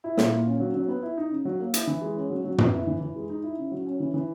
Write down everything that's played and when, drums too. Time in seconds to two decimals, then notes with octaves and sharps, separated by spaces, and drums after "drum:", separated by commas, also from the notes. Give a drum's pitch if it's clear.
0.04 E4
0.17 A#2, drum: snare
0.32 A#3
0.46 C#4
0.60 F#3
0.74 F#3
0.88 B3
1.03 E4
1.17 D#4
1.31 C#3
1.45 F#3
1.60 A#3
1.74 E4, drum: hi-hat
1.87 E3
2.01 G#3
2.16 C#4
2.30 F#3
2.45 F#3
2.58 B3, drum: tom
2.72 E4
2.87 E3
3.01 E3
3.16 G#3
3.29 D#4
3.43 E4
3.57 C#3
3.71 F#3
3.86 C#4
4.00 E3
4.14 E3